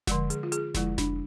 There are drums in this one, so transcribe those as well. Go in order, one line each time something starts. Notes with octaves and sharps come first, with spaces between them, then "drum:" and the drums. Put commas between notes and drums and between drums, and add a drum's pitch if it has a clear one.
D3 F3 G#3, drum: snare F1
G#4, drum: hi-hat
F4
G#4, drum: hi-hat
D3 F3 G#3 E4, drum: snare F1
D4, drum: snare F1